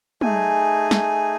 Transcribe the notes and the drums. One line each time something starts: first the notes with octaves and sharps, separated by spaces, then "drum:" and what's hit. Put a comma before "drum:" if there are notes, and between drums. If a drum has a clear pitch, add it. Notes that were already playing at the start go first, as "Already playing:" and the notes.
A3 D#4 G#4 G#5, drum: tom
drum: snare